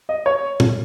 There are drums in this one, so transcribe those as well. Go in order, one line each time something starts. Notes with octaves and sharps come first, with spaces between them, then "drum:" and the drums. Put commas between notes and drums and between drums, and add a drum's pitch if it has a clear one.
D#5
C#5
drum: tom A#2